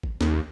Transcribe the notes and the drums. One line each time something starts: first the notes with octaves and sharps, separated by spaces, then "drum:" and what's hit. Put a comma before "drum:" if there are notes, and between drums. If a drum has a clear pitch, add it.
drum: kick G#1
D#2, drum: snare